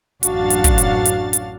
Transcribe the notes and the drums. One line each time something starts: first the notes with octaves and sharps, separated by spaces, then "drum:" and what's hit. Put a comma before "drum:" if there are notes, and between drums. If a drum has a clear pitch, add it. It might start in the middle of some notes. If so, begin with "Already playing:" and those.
A1 F#2 D4 F#4 F5 A6, drum: hi-hat
drum: hi-hat
drum: kick, hi-hat
drum: hi-hat
drum: hi-hat
drum: hi-hat